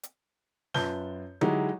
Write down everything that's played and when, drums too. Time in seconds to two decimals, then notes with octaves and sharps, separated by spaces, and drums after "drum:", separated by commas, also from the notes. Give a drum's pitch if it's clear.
0.03 drum: hi-hat
0.74 F#2 F4 B4 A5 G6 G7, drum: snare
1.41 F#3 G#3 D#4 E4 F#4 G4, drum: tom D3